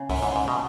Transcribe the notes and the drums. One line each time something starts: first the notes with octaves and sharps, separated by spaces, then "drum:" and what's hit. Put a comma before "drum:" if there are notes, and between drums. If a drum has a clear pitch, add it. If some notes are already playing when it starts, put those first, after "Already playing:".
Already playing: C#3
F#2 E4, drum: kick C2, open hi-hat
G#2
C#3
G#2
B2 F#3